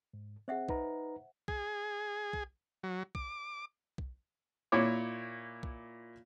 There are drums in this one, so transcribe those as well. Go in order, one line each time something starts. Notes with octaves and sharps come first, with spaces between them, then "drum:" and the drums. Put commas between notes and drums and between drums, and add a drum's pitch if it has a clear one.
G#2
C4 G#4 C5 E5 F#5
D#4 B4 A#5, drum: kick B1
G#4, drum: kick B1
drum: kick B1
F#3
D6, drum: kick B1
drum: kick B1
A#2 E4 C#5 D6
drum: kick B1